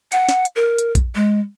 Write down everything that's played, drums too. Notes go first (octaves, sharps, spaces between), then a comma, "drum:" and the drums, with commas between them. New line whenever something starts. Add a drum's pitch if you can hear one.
F#5, drum: hi-hat
drum: snare
drum: hi-hat
A#4
drum: hi-hat
drum: kick, hi-hat
G#3